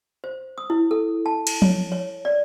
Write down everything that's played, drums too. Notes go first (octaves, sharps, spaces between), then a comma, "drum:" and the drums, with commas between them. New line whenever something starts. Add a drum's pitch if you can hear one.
C5
D#6
E4
A4
A5
drum: cymbal
C#5, drum: tom F3
C#5
D5